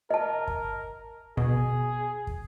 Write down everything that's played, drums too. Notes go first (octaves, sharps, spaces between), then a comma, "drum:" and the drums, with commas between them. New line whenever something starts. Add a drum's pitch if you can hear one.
A#4 D#5 A5
drum: kick
B2 G#4, drum: kick
drum: kick